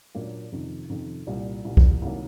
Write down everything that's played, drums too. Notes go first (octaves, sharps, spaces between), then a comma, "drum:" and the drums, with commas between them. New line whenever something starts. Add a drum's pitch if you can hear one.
A#2 F#3 A#3 D4
F2 C3 D#3
F2 C3 D#3
C2 A#2 G3
C2 A#2 G3
drum: kick
C2 C3 D#3 F#3 A#3